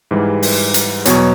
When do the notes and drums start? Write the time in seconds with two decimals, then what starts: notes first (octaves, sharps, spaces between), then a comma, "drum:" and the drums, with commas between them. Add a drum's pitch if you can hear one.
0.11 G#2 E3 G3
0.42 drum: open hi-hat
0.74 drum: hi-hat
1.05 E2 B2 F#3 C#5, drum: hi-hat